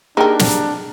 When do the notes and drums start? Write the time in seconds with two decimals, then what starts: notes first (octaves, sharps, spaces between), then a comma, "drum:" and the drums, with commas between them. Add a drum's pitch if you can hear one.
0.17 A#3 D4 D#4 G4 G#4 A#4
0.39 drum: snare